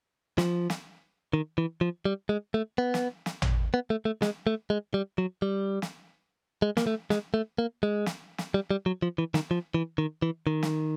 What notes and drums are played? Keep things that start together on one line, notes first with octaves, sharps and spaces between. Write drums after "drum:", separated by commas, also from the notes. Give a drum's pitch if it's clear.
F3, drum: snare
drum: snare
D#3
E3
F3
G3
G#3
A3
B3
drum: snare
drum: snare
drum: tom A1
B3
A3
A3
G#3, drum: snare
A3
G#3
G3
F#3
G3
drum: snare
G#3
A#3, drum: snare
A3
G#3, drum: snare
A3
A#3
G#3
drum: snare
drum: snare
G3
G3
F#3
F3
E3
D#3, drum: snare
F3
E3
D#3
E3
D#3
drum: snare